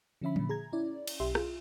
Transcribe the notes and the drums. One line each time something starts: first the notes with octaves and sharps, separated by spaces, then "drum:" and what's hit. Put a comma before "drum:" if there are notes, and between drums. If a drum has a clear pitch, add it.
D3 F3 C#4 E5 B5
A#2 D3, drum: tom
G#4 A#5 G#6
C#4 E4 D5
drum: cymbal
B1 G4 E5 C6
F4 G#4, drum: rim click